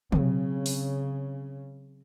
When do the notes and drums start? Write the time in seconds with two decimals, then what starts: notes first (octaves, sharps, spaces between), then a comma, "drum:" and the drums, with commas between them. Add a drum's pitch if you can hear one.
0.12 C#3 F#3 C4, drum: tom
0.66 drum: open hi-hat